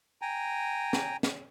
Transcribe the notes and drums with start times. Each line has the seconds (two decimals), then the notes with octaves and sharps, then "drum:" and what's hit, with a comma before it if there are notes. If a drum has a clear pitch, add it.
0.22 G5 G#5 A#5
0.93 drum: snare
1.23 drum: snare